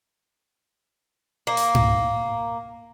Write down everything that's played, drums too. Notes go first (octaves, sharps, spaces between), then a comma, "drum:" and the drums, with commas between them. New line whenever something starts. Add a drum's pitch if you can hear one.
A#3
drum: hi-hat
drum: tom G#2